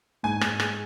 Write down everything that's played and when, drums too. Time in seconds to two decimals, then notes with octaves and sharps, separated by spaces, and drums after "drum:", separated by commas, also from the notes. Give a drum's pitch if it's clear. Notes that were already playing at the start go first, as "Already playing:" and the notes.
0.23 G#2 G#5
0.41 G#2, drum: rim click
0.60 G#3, drum: rim click